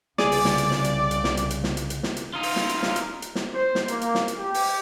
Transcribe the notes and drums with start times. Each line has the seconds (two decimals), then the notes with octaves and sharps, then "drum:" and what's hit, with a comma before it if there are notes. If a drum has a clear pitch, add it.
0.18 C2 C#3 G#4 D5, drum: snare
0.32 drum: open hi-hat
0.45 drum: snare
0.58 drum: hi-hat
0.71 drum: snare
0.84 drum: hi-hat
1.11 drum: hi-hat
1.24 drum: snare
1.37 drum: hi-hat
1.50 drum: hi-hat
1.64 drum: snare
1.77 drum: hi-hat
1.90 drum: hi-hat
2.03 drum: snare
2.17 drum: hi-hat
2.34 D#4 F4
2.43 drum: open hi-hat
2.56 drum: snare
2.69 drum: hi-hat
2.83 drum: snare
2.96 drum: hi-hat
3.22 drum: hi-hat
3.35 drum: snare
3.54 C5
3.75 drum: snare
3.88 A#3, drum: hi-hat
4.01 drum: hi-hat
4.15 drum: snare
4.28 drum: hi-hat
4.37 G4
4.54 drum: open hi-hat